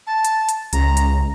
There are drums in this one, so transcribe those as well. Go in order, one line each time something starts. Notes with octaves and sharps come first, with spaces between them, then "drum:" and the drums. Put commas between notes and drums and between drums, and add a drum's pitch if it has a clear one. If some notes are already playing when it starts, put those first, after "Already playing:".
A5
drum: hi-hat
drum: hi-hat
C#2 A#5, drum: hi-hat
drum: hi-hat